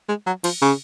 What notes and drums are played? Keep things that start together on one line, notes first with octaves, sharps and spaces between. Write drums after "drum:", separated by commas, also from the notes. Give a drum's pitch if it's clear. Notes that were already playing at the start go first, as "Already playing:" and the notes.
G#3
F#3
F3, drum: cymbal
C#3